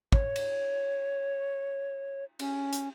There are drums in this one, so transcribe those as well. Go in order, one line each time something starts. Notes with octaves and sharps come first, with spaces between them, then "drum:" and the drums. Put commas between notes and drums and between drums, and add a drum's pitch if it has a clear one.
C#5, drum: kick
drum: cymbal
C#4, drum: cymbal
drum: hi-hat